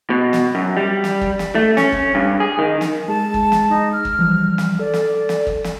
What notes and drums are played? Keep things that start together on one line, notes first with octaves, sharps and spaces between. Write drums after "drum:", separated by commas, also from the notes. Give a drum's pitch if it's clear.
B2
drum: snare
F#2
G3
drum: snare
drum: kick
drum: snare
A3
C#4, drum: snare
drum: kick
G2
G#4
D#3
drum: snare
G#3 G#4 A5
drum: kick
drum: snare
D#4
F6
drum: kick
E3 F3 G3
drum: snare
A4 D5
drum: snare
drum: snare
drum: kick
drum: snare